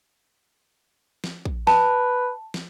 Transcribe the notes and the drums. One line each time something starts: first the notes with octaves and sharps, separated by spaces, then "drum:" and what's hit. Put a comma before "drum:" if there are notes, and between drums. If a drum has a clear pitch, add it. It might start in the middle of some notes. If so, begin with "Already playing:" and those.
drum: snare
drum: kick
B4 A5, drum: snare
drum: snare